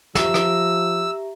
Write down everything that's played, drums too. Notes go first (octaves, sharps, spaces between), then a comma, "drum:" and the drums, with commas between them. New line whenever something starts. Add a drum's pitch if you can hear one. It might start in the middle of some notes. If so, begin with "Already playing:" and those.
F3 G4 E5 A#5 E6, drum: snare
drum: rim click